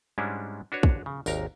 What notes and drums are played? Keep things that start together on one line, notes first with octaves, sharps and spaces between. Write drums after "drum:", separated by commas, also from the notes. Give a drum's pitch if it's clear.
G#2 G3 G#3 C#4 D4 E4
D4 F#4 B4 C#5
drum: kick
C#3
G#1 D#2 A#4 A#5, drum: tambourine